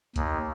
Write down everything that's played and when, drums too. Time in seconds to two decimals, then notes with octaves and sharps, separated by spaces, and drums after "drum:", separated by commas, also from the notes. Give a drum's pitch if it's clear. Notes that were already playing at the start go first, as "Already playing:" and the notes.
0.16 D#2, drum: kick C2, hi-hat